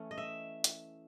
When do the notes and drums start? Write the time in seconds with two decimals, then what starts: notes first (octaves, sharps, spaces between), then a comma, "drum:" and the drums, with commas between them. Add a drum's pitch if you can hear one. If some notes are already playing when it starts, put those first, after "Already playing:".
Already playing: E3 A3 C#4
0.11 D#5
0.18 E5
0.64 drum: hi-hat